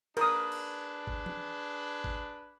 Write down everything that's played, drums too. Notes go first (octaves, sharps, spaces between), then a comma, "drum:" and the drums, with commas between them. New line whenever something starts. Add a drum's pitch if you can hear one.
D4 G#4 A#4 B4 D#6, drum: cymbal
drum: cymbal
drum: kick G#1
drum: tom E3
drum: kick G#1